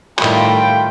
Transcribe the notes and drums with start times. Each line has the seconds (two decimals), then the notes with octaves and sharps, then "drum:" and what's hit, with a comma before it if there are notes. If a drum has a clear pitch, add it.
0.19 A2 D#3 G3 A3 F4 G5 B5, drum: clap